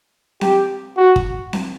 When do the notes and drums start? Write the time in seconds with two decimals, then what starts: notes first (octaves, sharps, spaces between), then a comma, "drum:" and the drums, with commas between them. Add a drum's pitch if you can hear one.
0.41 G4, drum: snare C4
0.97 F#4
1.16 drum: kick
1.53 drum: snare C4